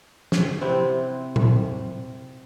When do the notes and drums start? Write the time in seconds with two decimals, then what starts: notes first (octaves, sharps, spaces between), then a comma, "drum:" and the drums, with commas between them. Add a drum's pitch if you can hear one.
0.32 drum: snare
0.61 C3 C4 E4 F#5
1.36 drum: tom A#2